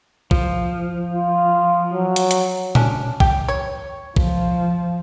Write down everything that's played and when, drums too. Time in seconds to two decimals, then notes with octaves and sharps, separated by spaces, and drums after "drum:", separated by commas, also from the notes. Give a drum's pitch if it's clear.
0.31 F3, drum: kick
1.13 F4
1.93 F#3
2.16 drum: hi-hat
2.31 drum: hi-hat
2.75 C#4 D4, drum: tom A#2
3.20 G4, drum: kick
3.49 C#5
4.16 F3, drum: kick